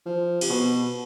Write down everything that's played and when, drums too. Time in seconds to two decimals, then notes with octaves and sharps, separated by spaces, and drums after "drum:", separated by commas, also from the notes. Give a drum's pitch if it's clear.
0.06 F3
0.41 C3, drum: cymbal
0.50 B2